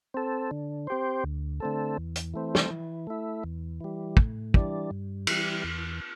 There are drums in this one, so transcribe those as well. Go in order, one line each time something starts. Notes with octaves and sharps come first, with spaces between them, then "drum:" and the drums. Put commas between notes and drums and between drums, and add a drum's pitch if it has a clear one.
C4 A4
D3
C4 G4 C5
D2
D3 A3 C4 A4
E2
drum: hi-hat
E3 A3 C4
drum: snare
E3
A3 E4
E2
E3 G3
A2, drum: kick
E3 G3 D4, drum: kick
G2
E3 G3, drum: cymbal
E2